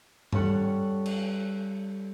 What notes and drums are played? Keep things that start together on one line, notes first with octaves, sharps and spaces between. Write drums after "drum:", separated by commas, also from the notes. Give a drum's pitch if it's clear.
G3 C#4 A4 F#5 C#6 F#6, drum: tom G2
drum: cymbal